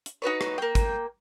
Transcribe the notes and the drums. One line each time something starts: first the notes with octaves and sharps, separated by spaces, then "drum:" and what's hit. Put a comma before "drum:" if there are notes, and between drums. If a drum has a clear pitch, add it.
drum: hi-hat
D#4 F#4 B4 C#5
drum: rim click
A#3 G5
drum: kick, hi-hat